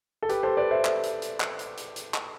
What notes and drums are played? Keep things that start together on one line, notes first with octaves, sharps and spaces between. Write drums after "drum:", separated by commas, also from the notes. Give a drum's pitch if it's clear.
A4
G4 B4, drum: hi-hat
A4 C5
B4 D5
C5 E5
drum: clap
drum: hi-hat
drum: hi-hat
drum: clap
drum: hi-hat
drum: hi-hat
drum: hi-hat
drum: clap